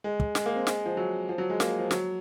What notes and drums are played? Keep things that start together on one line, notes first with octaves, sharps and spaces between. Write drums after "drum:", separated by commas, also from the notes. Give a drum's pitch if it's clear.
G#3
drum: kick
G#3, drum: snare
A#3
C4
G#3, drum: snare
F3
F#3
F3
F#3
G#3
A#3, drum: snare
F3
F#3, drum: snare